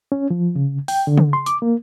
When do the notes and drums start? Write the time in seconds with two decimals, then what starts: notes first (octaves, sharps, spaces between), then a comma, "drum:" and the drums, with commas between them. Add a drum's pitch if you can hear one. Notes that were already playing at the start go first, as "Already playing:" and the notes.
0.12 C#4
0.30 F3
0.55 C#3
0.88 G5, drum: open hi-hat
1.07 D3
1.18 drum: tom C#3
1.33 C6
1.46 D6, drum: hi-hat
1.62 A#3